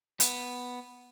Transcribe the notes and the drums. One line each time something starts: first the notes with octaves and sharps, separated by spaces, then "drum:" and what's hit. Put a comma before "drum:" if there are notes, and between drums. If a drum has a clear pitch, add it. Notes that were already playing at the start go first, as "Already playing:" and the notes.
B3, drum: hi-hat